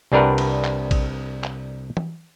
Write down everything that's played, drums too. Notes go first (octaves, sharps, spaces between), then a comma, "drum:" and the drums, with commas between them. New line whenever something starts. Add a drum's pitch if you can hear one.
C2 G3 D4 A#4 B4 F#5
drum: cymbal
drum: clap
drum: kick A#1, cymbal
drum: clap
drum: tom E3